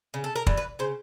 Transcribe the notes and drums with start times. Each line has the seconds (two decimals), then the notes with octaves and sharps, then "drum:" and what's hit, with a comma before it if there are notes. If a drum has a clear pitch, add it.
0.14 C#3
0.24 A4
0.35 A#4
0.47 E3 G3, drum: kick
0.57 B4
0.79 C#3 C5